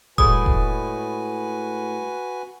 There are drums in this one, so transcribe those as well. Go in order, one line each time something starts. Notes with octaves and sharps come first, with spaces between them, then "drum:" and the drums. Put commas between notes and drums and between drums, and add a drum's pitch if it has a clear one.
A2 G#3 F#4 B4 G#5 D#6, drum: kick E1
drum: kick E1